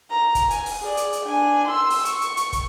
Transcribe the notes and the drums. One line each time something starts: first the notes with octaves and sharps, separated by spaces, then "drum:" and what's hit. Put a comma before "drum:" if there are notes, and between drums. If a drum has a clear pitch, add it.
A#5
drum: kick, hi-hat
G#5, drum: hi-hat
drum: open hi-hat
G#4 D5
drum: hi-hat
drum: hi-hat
D4 G#5
C6 E6
drum: open hi-hat
C#6, drum: hi-hat
drum: hi-hat
drum: hi-hat
drum: kick, hi-hat